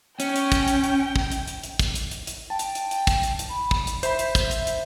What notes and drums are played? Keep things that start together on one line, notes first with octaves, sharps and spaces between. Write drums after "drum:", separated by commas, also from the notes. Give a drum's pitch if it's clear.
C#4 G5, drum: hi-hat
drum: hi-hat
drum: kick, hi-hat
drum: hi-hat
drum: hi-hat
drum: kick
drum: hi-hat
drum: hi-hat
drum: hi-hat
drum: kick, hi-hat
drum: hi-hat
drum: hi-hat
drum: hi-hat
G5 A5
drum: hi-hat
drum: hi-hat
drum: hi-hat
drum: kick, hi-hat
drum: hi-hat
drum: hi-hat
B5
drum: kick
drum: hi-hat
C5 E5 B5, drum: hi-hat
drum: hi-hat
drum: kick, hi-hat
drum: hi-hat
drum: hi-hat